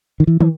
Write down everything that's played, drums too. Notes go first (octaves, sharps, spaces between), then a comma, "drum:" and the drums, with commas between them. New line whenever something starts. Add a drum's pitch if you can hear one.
D#3
E3
E3, drum: tom